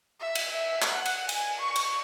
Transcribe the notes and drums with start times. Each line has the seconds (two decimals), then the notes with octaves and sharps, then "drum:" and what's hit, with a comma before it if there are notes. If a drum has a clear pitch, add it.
0.20 E5
0.35 drum: cymbal
0.52 E5
0.82 drum: clap
0.92 F#5
1.06 drum: cymbal
1.29 G#5, drum: cymbal
1.59 C#6
1.76 drum: cymbal